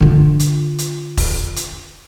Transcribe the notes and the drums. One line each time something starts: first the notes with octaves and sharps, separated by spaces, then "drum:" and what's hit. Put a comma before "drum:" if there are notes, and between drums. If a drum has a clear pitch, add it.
D3 F4
drum: hi-hat
drum: hi-hat
drum: kick E1, open hi-hat
drum: hi-hat